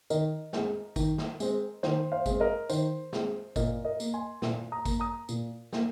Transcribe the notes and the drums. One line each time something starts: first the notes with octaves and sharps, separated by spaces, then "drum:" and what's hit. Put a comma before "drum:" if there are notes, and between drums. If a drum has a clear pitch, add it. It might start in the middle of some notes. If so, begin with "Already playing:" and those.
D#3 A#4 D#5, drum: tambourine
G#3 C4, drum: snare
D#3, drum: kick, tambourine
drum: snare
G#3 C4, drum: tambourine
D#3 C5, drum: snare
C5 F5
G#3 C4, drum: kick, tambourine
A#4 D#5
D#3 C5, drum: tambourine
G#3 C4, drum: snare
A#2 A#4 D#5, drum: kick, tambourine
A#4 D#5
A#3, drum: tambourine
G#5 C6
A#2, drum: snare
A#5 D#6
A#3, drum: kick, tambourine
A#5 D#6
A#2, drum: tambourine
A#3, drum: snare